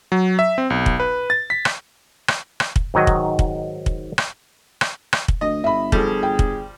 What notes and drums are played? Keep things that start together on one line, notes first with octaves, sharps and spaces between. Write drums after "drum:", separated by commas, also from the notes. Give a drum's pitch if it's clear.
F#3
E5
C4
B1
drum: kick
B4
A6
B6
drum: rim click
drum: rim click
drum: rim click
drum: kick
G#2 D#3 F#3 D#5
drum: kick
drum: kick
drum: kick
drum: rim click
drum: rim click
drum: rim click
drum: kick
D2 D#5
G1 E5 B5
F3 G3 G#4 A4, drum: kick
G5
drum: kick